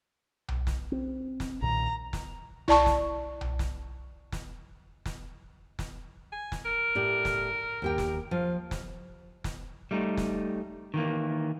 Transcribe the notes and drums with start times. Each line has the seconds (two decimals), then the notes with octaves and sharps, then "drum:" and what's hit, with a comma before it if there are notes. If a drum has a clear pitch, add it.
0.48 drum: tom B1
0.67 drum: snare
0.92 C4
1.40 drum: snare
1.62 B1 A#2 D#3 A#5
2.13 drum: snare
2.68 E4 D5 A5 C#6, drum: tom B1
2.86 drum: snare
3.41 drum: tom B1
3.59 drum: snare
4.32 drum: snare
5.06 drum: snare
5.79 drum: snare
6.32 G#5
6.52 drum: snare
6.65 A#4
6.95 A2 G4 D5
7.25 drum: snare
7.82 D#2 G4 G5
7.98 drum: snare
8.31 F3 F4
8.71 drum: snare
9.44 drum: snare
9.91 G3 A3 D#4
10.17 drum: snare
10.94 D#3 E3 A#3